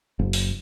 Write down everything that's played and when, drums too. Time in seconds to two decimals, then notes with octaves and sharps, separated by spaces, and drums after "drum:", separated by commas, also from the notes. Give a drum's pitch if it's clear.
0.19 F#1
0.33 drum: open hi-hat